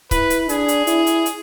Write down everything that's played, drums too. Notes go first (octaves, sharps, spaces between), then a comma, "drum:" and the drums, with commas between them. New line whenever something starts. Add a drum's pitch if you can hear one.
E4 B4, drum: kick C#1, hi-hat
drum: hi-hat
D4 G#4, drum: hi-hat
drum: hi-hat
E4, drum: hi-hat
drum: hi-hat
drum: hi-hat